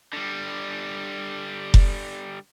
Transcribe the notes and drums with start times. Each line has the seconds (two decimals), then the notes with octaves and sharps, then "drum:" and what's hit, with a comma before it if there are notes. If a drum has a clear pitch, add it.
0.13 D3 G3
1.74 drum: kick F1